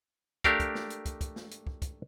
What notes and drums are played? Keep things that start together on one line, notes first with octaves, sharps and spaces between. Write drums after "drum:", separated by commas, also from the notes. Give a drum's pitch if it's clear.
A3 D4 G4 A#4 F5, drum: kick, hi-hat
drum: kick, hi-hat
drum: snare
drum: hi-hat
drum: kick, hi-hat
drum: kick, hi-hat
drum: snare
drum: hi-hat
drum: kick
drum: kick, hi-hat